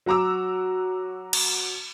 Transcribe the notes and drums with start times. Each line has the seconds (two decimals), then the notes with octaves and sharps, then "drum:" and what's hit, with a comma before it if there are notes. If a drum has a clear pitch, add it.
0.06 F#3 F#4 A#5 D6 E6
1.33 drum: cymbal